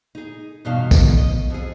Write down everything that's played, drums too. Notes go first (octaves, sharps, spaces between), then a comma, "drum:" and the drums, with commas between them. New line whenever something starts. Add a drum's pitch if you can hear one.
D#4 G#4
E2 G2 B2 C#4 D#4 F5
drum: kick, tambourine
D#5
F2 G#4